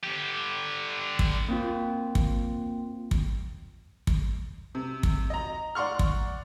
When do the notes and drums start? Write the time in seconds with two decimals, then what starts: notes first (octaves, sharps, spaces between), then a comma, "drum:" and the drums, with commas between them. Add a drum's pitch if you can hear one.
0.03 D3 G4
1.19 drum: kick
1.49 A#3 C4 F4
2.15 drum: kick
3.11 drum: kick
4.07 drum: kick
4.75 C3
5.03 drum: kick
5.30 D#5 A#5
5.75 D5 F#5 C6 C#6 F6
5.99 drum: kick